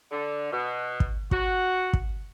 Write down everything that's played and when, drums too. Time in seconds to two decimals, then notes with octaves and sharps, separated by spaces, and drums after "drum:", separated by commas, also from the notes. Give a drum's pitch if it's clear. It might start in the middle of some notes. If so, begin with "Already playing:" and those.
0.11 D3
0.51 B2
1.00 drum: kick
1.31 F#4, drum: kick
1.93 drum: kick